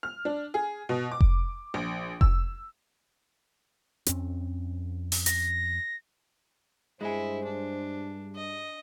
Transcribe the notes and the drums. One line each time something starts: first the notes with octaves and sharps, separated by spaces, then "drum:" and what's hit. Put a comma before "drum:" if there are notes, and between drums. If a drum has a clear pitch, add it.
F6
D4
G#4
B2
D6
drum: kick F1
A#1
E6, drum: kick F1
F2 C4 C#4, drum: hi-hat
drum: open hi-hat
A#6, drum: hi-hat
G2 G#3 E4 G#4 C5
D4
D#5